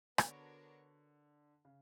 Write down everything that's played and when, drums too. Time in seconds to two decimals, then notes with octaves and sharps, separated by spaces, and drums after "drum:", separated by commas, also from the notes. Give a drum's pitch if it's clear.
0.18 D3 B3 D4 F#4 A#4 C#5, drum: rim click
1.65 C#3